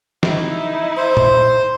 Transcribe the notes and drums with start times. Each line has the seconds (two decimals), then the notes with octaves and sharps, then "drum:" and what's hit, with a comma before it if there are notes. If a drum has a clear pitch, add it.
0.23 D#4 E4, drum: snare
0.97 C5
1.17 drum: tom A#2